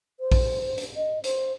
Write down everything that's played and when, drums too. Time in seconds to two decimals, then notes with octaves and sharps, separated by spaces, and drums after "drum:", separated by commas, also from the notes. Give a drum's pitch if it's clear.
0.20 C5
0.32 drum: kick A#1, open hi-hat
0.78 drum: hi-hat
0.96 D#5
1.24 C5, drum: hi-hat